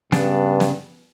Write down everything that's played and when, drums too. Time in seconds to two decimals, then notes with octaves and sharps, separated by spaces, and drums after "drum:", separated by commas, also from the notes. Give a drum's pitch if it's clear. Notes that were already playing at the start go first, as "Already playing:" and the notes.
0.12 G2 C#3 B3 D4, drum: snare
0.60 drum: snare